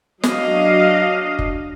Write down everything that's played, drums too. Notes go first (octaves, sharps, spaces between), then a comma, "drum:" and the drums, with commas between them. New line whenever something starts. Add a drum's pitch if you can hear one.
F#3 D4 D#5 F5, drum: snare
drum: kick